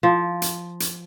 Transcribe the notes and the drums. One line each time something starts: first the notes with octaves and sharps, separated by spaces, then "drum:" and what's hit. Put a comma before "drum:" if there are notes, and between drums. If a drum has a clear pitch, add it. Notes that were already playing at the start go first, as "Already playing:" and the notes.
F3
drum: hi-hat
drum: hi-hat